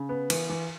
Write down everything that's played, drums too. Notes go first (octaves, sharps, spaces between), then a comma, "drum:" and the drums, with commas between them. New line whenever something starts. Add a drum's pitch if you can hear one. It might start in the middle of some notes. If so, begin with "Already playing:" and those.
Already playing: C#3
B3
E3, drum: cymbal
E3